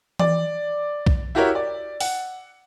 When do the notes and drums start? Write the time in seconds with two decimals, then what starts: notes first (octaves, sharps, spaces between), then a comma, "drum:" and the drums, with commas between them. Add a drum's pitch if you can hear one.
0.19 D5, drum: tom E3
1.07 drum: kick B1
1.35 E4 F#4 G4 A#4 C#5 E5
1.55 D5
2.00 F#5, drum: open hi-hat